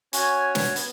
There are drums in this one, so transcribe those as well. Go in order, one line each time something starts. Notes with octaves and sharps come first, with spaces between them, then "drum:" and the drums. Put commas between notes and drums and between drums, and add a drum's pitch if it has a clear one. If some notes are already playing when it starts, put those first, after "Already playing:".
C#4 F#4 C#5 G#5, drum: hi-hat
drum: snare
B3, drum: hi-hat